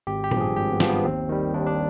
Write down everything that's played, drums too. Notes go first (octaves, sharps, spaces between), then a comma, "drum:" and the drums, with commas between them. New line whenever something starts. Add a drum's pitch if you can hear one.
G#1 G4
G4
G2, drum: tom A#2
F3 G#4
G#1 G4
B3
G2 F3, drum: snare
B3
D#2 C4
D#3 G3
D#2 D4
D4